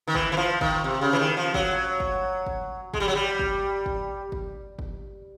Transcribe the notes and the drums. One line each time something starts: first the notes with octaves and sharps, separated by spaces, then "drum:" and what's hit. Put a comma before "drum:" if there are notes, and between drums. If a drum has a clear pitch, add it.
D#3
E3, drum: kick G1
E3
F3
D#3, drum: kick G1
C3
C#3
E3
D#3
F3
F#3, drum: kick G1
drum: kick G1
drum: kick G1
G#3, drum: kick G1
G3
F#3
G3
drum: kick G1
drum: kick G1
drum: kick G1
drum: kick G1